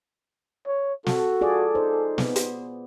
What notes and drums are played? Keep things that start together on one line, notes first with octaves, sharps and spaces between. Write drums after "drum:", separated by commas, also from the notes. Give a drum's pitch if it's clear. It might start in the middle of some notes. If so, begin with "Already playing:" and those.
C#5
F#4 A4, drum: snare
F4 G#4 D5
D#4 C5
B3, drum: snare
drum: hi-hat